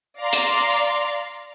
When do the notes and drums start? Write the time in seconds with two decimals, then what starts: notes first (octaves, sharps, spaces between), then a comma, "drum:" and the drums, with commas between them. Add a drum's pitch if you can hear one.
0.18 D5 F5 A#5 C6
0.33 drum: hi-hat
0.70 drum: tambourine